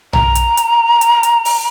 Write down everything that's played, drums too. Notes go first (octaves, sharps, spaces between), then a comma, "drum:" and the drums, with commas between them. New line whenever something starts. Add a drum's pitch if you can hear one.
A#5, drum: tom B1
drum: hi-hat
drum: hi-hat
drum: hi-hat
drum: hi-hat
drum: open hi-hat